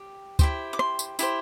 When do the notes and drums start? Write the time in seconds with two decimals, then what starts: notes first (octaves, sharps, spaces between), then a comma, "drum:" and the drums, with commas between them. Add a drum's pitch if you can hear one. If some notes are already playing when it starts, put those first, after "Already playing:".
Already playing: G4
0.39 E4 G4 C5, drum: kick, tambourine
0.73 D6
0.79 C6, drum: rim click
0.99 drum: tambourine
1.19 E4 G4 C5, drum: tambourine